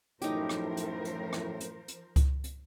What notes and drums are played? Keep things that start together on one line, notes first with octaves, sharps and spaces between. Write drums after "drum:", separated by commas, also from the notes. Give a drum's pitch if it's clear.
F#2 A2 F3 D#4 G4 A#4 C5, drum: hi-hat
drum: rim click
drum: hi-hat
drum: hi-hat
drum: rim click
drum: hi-hat
drum: hi-hat
drum: kick C#2, hi-hat
drum: hi-hat